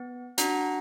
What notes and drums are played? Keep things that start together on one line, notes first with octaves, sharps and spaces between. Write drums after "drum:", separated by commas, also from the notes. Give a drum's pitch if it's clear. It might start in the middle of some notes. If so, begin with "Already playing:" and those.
Already playing: B3
D4 F#4 F#5 A#5, drum: hi-hat